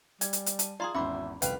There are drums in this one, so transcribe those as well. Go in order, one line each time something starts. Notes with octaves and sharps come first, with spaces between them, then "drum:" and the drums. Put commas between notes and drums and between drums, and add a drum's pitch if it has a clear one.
G3 G#5, drum: hi-hat
drum: hi-hat
drum: hi-hat
A5, drum: hi-hat
F4 G#4 D5 A#5 C6
G#1 E2 C#4 F#4 C5 E5 B5 D6
F1 C2 B4 F5 G5 F7, drum: hi-hat